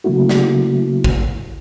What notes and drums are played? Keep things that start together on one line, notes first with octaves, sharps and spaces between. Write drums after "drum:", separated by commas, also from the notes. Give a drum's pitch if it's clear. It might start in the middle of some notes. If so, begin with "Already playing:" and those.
C#3 F#3 A3 A#3 E4 F#4
drum: snare
drum: kick